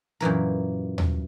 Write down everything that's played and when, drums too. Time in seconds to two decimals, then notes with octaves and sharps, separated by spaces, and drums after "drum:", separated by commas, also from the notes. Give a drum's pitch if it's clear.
0.20 F#2 A#2 E3 A#4
0.98 drum: tom D#2